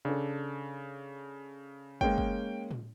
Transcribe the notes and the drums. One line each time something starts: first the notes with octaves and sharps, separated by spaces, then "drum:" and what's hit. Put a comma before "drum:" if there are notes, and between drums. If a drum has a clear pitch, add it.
C#3 D4 A4
G#3 A#3 C#4 G5, drum: kick
drum: kick
drum: tom A2